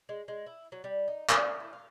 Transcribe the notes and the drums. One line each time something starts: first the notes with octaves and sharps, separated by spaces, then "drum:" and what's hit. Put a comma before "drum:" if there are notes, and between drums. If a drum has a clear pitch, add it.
G#3
G#3
E4
F#3
G3
D#4
D3, drum: clap
A3
E4
F5